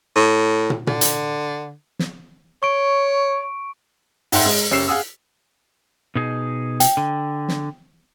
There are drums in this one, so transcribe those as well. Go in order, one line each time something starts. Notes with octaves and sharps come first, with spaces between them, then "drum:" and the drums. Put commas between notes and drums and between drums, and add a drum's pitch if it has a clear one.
A2
drum: tom
D3, drum: tom
drum: hi-hat
drum: snare
C#5 C#6 D7
G#2 E5 F#5 G5 C6, drum: open hi-hat
G#3
F#1 C#4 G4 E6 C7 E7
G#4 F5 F#5 G#5 D#6 E6
B2 D#4 G#4
G5, drum: hi-hat
D3
drum: snare